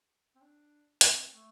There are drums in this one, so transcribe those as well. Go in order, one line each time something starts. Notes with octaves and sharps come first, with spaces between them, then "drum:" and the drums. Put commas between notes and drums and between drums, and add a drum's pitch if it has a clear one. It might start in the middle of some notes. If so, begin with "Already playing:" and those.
C4
D4
C4, drum: hi-hat
A3